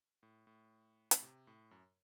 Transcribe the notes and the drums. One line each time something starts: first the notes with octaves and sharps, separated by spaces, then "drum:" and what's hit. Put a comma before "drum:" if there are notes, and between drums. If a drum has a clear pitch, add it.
A2
A2
A2, drum: hi-hat
C3
A2
F#2